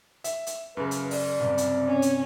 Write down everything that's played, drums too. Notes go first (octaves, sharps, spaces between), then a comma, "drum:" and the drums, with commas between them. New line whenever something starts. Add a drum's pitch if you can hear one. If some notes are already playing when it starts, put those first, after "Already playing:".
E5, drum: hi-hat
drum: hi-hat
F#2 C#3 B4
drum: hi-hat
D5, drum: open hi-hat
G2 C3
drum: hi-hat
C#4
drum: hi-hat